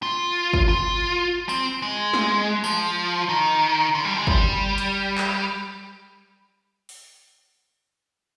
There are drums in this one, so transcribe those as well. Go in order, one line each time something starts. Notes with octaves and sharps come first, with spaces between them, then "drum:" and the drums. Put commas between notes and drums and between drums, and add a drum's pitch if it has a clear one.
F4
drum: kick
F4
C4, drum: tambourine
G#3
drum: snare
F3, drum: tambourine
D#3
D3
G3
G#3
G3, drum: kick
drum: hi-hat
drum: clap
drum: open hi-hat